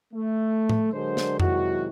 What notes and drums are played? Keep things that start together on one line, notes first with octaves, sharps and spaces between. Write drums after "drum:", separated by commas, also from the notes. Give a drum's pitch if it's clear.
A3
drum: tom A2
D3 F#3 G#3 D4 A#4 C5
drum: snare
C3 D#3 F#3 G#3 E4 F#4, drum: tom F2